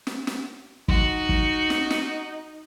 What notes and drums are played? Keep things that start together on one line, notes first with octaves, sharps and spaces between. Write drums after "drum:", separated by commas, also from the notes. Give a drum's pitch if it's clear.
drum: snare
drum: snare
D#4 F#4, drum: kick
drum: kick
drum: snare
drum: snare